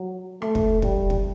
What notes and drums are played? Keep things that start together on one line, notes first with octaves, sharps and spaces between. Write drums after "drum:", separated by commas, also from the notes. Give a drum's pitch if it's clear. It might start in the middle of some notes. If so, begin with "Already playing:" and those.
Already playing: F#3
A3, drum: rim click
drum: kick
G3, drum: kick
drum: kick